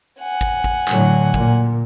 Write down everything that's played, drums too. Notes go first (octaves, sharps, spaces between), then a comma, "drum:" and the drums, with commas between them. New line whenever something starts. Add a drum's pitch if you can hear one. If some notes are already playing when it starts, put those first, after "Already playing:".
F#5 G#5
drum: kick G#1
drum: kick G#1
A2 D3 F#3, drum: clap
A#2, drum: kick G#1